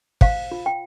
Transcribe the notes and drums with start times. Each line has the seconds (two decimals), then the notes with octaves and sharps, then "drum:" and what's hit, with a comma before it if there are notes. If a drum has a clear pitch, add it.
0.21 C5 F5, drum: kick
0.51 F4
0.66 G5